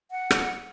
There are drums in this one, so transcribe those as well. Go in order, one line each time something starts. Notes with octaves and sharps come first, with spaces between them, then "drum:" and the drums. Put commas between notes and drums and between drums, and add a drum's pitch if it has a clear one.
F#5
drum: rim click